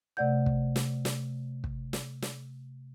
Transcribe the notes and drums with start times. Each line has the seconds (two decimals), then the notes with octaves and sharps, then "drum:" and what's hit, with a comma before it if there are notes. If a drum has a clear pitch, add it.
0.17 C3 A3 D5 F#5 G6
0.46 drum: kick
0.76 drum: snare
1.05 drum: snare
1.64 drum: kick
1.93 drum: snare
2.22 drum: snare